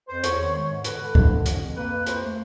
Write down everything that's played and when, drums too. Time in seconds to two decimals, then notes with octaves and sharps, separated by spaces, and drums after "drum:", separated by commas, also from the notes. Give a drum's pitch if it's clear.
0.08 F2 C5
0.24 E2 C#5, drum: hi-hat
0.39 D#3
0.54 G#3 C#5
0.69 G#2
0.84 D3 B4, drum: hi-hat
1.00 D3
1.15 G2, drum: kick C2
1.31 F3
1.46 F2, drum: hi-hat
1.61 F2
1.76 A#3 B4
1.92 A#3
2.06 F2 C5, drum: hi-hat
2.22 A3